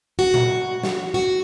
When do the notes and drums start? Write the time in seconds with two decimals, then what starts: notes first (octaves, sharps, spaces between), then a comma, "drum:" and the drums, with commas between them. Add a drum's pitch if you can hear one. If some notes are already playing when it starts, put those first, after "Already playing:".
0.19 F#4
0.34 drum: tom A#2
0.83 drum: snare
1.14 F#4